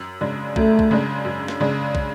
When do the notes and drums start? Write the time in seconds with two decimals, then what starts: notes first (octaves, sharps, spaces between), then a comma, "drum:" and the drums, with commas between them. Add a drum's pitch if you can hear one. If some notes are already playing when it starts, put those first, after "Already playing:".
Already playing: F#2
0.21 C#3 G#3 D4
0.56 F#2 A3, drum: kick
0.79 drum: kick
0.91 C#3 G#3 D4
1.25 F#2
1.48 drum: snare
1.60 C#3 G#3 D4
1.95 drum: kick